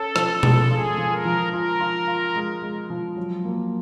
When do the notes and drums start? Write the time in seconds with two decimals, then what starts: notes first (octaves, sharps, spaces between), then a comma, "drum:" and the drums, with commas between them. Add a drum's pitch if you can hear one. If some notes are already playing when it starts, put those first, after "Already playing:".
Already playing: C#4 A4
0.16 F3, drum: rim click
0.43 G#3, drum: tom B2
0.71 F4 G#4
0.98 F3
1.11 A#4
1.25 F3
1.53 F4 A#4
1.80 F4
2.07 F4
2.36 G#3
2.62 G#3
2.90 F3
3.17 F#3
3.44 A#3